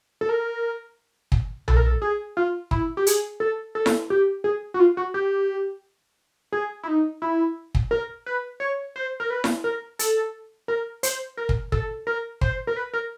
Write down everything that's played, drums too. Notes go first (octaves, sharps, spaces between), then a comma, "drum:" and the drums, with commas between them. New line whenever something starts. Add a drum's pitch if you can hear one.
A4
A#4
drum: kick
A4, drum: tom B1
A#4
A4
G#4
F4
E4, drum: kick
G4
G#4, drum: hi-hat
A4
A4
drum: snare E4
G4
G#4
F#4
F4
F#4
G4
G#4
E4
D#4
E4
drum: kick
A#4
B4
C#5
C5
A#4
B4
drum: snare E4
A#4
A4, drum: hi-hat
A#4
C5, drum: hi-hat
A#4
drum: kick
A4, drum: kick
A#4
C5, drum: kick
A#4
B4
A#4